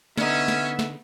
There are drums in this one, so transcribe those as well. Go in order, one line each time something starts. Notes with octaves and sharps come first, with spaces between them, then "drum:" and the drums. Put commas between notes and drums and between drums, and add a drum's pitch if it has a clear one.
D3 B3 C#4 D#4 E5, drum: snare
drum: snare
drum: snare